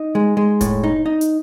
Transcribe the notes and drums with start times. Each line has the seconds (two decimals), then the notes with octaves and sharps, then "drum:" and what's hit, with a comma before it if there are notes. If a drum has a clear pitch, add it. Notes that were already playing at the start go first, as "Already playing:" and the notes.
Already playing: D#4 D#5
0.15 G#3
0.37 G#3
0.61 A2, drum: kick F1, hi-hat
0.84 D#4
1.06 D#4
1.21 drum: hi-hat